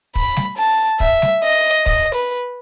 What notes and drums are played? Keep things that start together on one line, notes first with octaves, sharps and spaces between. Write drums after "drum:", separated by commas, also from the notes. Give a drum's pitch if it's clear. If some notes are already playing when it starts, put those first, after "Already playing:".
B5, drum: kick
drum: snare
A5
E5, drum: kick
drum: snare
D#5
D#5, drum: kick
B4